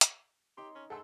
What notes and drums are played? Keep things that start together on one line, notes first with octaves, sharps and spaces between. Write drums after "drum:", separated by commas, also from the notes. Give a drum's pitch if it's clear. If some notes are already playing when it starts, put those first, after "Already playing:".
drum: hi-hat
D#4 G4 A#4 C#5 C6
C#4
A3 G#4 A4 F#5 A5 C6 E6